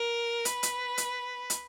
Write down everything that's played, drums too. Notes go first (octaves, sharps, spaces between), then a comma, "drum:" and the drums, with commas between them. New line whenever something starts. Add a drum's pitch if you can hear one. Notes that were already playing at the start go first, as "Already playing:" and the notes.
Already playing: A#4
B4, drum: hi-hat
drum: hi-hat
drum: hi-hat
drum: hi-hat